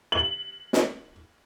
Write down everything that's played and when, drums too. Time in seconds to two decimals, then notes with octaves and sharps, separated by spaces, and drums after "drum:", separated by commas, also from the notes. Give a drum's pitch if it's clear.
0.12 F#7
0.73 drum: snare